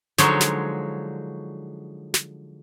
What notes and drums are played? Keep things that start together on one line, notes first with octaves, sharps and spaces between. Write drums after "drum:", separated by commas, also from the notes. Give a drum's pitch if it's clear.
D3 F3 F#3 G#3 D#4 C#5, drum: snare
drum: snare
drum: snare